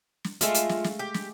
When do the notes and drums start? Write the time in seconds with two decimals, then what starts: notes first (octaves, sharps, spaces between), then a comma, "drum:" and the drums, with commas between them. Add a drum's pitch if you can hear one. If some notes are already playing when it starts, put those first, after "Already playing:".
0.24 drum: snare
0.41 G#3 A3 F4 E5 F5, drum: hi-hat
0.54 drum: hi-hat
0.69 drum: snare
0.84 drum: snare
0.99 G4
1.14 drum: snare